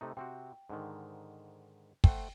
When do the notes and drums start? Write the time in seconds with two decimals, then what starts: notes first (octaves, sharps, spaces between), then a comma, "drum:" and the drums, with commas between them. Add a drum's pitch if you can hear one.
0.01 C3 A3 D#4
0.17 C3 C4 F#4 G5
0.70 G#2 D3 D#3
2.04 A3 C5 F#5 G5, drum: kick